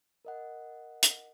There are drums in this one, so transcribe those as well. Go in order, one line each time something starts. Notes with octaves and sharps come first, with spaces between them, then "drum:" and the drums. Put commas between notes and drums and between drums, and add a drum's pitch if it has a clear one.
A#4 D#5 F#5
drum: hi-hat